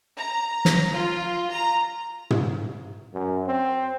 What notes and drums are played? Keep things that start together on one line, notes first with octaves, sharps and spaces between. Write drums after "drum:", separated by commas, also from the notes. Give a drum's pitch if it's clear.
A#5
drum: snare
F4
A#5
drum: tom
F#2
C4